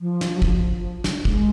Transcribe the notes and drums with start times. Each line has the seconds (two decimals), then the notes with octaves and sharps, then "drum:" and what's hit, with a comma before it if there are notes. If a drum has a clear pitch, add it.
0.01 F3
0.21 drum: snare
0.37 F#3
0.42 F3, drum: kick
1.04 drum: snare
1.25 G#3, drum: kick